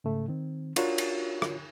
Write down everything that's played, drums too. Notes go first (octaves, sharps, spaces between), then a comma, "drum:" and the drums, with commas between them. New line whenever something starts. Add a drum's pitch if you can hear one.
G#2 C#3 A3
D#3 C4
D4 F4 F#4 A#4 C#5, drum: cymbal
drum: cymbal
drum: rim click